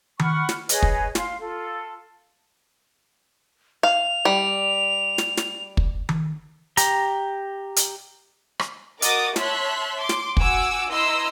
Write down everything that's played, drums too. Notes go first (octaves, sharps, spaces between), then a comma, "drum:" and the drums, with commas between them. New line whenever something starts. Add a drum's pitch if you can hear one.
F#5 B5 C#6 F6, drum: tom D#3
drum: snare
G#4 B4 C#5 D#5, drum: hi-hat
drum: kick
F5 C6, drum: snare
F4 A4
F5 F7
G3
drum: snare
drum: snare
drum: kick
drum: tom D#3
G4 A#5, drum: hi-hat
drum: hi-hat
drum: rim click
F#4 A#4 D#5 D6 D#6 A6, drum: hi-hat
C#5 E5 A5 C6 F#6 B6, drum: snare
C6 D6
drum: snare
F#4 F#5 G#5 D6 E6, drum: kick
E4 B4 D#5 A#5 C6 E6